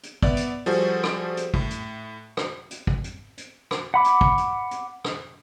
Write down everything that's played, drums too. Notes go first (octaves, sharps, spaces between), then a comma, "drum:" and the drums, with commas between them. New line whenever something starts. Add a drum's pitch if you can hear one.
drum: hi-hat
B3 D5 E5, drum: kick
drum: hi-hat
F3 G3 F#4 G#4 A4 C5
drum: rim click
drum: hi-hat
A2, drum: kick
drum: hi-hat
drum: rim click
drum: hi-hat
drum: kick
drum: hi-hat
drum: hi-hat
drum: rim click
F#5 B5 D6
drum: hi-hat
drum: kick
drum: hi-hat
drum: hi-hat
drum: rim click